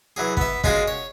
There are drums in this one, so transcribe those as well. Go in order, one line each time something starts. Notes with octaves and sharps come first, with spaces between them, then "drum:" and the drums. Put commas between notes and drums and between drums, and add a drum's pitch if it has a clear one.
E3 F#3 G#4
B3 E5, drum: kick
G#3 C#4 F4 F#4 G#4 A#4, drum: kick
C#5